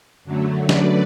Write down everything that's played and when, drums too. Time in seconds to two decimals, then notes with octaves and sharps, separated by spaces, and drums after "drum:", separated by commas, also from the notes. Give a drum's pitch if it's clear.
0.24 F#2 D3 F#3 A3
0.69 B4 D5, drum: snare